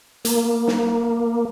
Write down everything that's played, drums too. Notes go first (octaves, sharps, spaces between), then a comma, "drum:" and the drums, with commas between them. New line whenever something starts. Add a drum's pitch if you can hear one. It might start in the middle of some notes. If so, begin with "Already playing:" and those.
A#3, drum: hi-hat
drum: snare